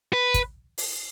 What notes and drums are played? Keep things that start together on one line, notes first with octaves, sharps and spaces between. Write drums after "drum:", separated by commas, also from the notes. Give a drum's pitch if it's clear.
B4
drum: kick, hi-hat
drum: open hi-hat